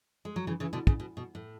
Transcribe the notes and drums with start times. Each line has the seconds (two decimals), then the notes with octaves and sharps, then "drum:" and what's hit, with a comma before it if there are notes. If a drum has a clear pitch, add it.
0.25 G#3
0.36 F#3
0.47 C#3 E3
0.60 C#3 E3
0.73 B2 D3
0.87 C#3, drum: kick
1.00 B2
1.17 B2
1.35 A2